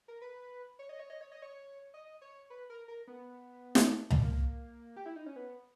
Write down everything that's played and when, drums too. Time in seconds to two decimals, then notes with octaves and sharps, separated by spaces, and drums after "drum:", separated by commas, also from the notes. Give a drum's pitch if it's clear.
0.08 A#4
0.22 B4
0.79 C#5
0.89 D#5
0.99 C#5
1.10 D#5
1.21 C#5
1.32 D#5
1.42 C#5
1.94 D#5
2.21 C#5
2.50 B4
2.70 A#4
2.88 A#4
3.07 B3
3.75 drum: snare
4.10 drum: tom C#2
4.22 A#3
4.96 G4
5.06 E4
5.16 D#4
5.26 C#4
5.36 B3